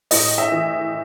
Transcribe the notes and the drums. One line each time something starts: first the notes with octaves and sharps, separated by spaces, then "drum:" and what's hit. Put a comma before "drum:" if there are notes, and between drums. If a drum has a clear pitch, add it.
A2 D#5, drum: open hi-hat
E5
E3